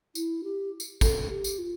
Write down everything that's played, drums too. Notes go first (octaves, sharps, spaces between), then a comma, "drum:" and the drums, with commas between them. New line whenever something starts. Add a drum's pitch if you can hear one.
E4, drum: tambourine
G4
drum: tambourine
A4, drum: kick, tambourine
G4
drum: tambourine
F4